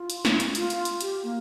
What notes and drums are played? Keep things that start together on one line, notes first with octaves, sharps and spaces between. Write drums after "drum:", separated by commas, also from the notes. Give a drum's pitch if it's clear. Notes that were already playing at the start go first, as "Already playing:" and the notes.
Already playing: F4
drum: hi-hat
drum: snare
drum: hi-hat
F4, drum: hi-hat
drum: hi-hat
drum: hi-hat
G4, drum: hi-hat
A#3